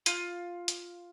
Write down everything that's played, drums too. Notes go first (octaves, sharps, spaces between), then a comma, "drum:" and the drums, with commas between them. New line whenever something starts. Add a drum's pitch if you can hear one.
F4, drum: hi-hat
drum: hi-hat